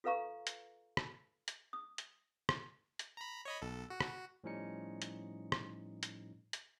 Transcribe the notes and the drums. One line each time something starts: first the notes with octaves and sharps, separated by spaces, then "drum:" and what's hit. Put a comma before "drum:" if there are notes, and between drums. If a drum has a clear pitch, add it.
F4 A4 B4 F5 A#5 C#6
drum: hi-hat
drum: rim click
drum: hi-hat
D#6
drum: hi-hat
drum: rim click
drum: hi-hat
A#5 B5
C#5 D#5 B5
B1 A4
F#4
drum: rim click
A2 F3 G3 C#4 D#4 C#7
drum: hi-hat
drum: rim click
drum: hi-hat
drum: hi-hat